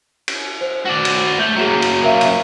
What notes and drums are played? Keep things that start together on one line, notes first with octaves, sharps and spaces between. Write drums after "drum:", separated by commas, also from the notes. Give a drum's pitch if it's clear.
drum: cymbal
C5
F#4 D5
drum: cymbal
A3 G6
F#3 A#3 F#4 G#4
drum: cymbal
A#4 E5 F5
drum: cymbal